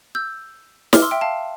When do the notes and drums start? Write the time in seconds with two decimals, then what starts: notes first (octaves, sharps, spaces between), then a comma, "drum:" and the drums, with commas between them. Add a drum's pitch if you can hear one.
0.15 E6 G6
0.93 D6 F6, drum: snare
1.02 C6 E6
1.11 E5 G5
1.21 F5 A5